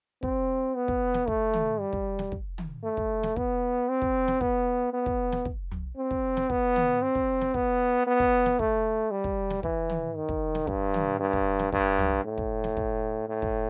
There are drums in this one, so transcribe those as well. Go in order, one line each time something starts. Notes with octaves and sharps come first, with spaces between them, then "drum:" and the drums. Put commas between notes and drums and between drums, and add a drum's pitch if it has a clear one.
C4, drum: kick
B3
drum: kick
drum: snare
A3, drum: kick
drum: tom
G3
drum: kick
drum: snare
drum: kick
drum: tom
A3
drum: kick
drum: snare
B3, drum: kick
C4
drum: kick
drum: snare
B3, drum: kick
B3
drum: kick
drum: snare
drum: kick
drum: tom
C4
drum: kick
drum: snare
B3, drum: kick
drum: tom
C4
drum: kick
drum: snare
B3, drum: kick
B3
drum: kick
drum: snare
A3, drum: kick
G3
drum: kick
drum: snare
E3, drum: kick
drum: tom
D#3
drum: kick
drum: snare
G2, drum: kick
drum: tom
G2
drum: kick
drum: snare
G2, drum: kick
drum: tom
A2
drum: kick
drum: snare
drum: kick
A2
drum: kick